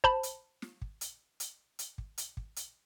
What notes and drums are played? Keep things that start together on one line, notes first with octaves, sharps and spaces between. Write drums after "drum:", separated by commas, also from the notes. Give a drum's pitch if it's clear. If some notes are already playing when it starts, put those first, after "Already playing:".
C5 A5 B5, drum: kick
drum: hi-hat
drum: snare
drum: kick
drum: hi-hat
drum: hi-hat
drum: hi-hat
drum: kick
drum: hi-hat
drum: kick
drum: hi-hat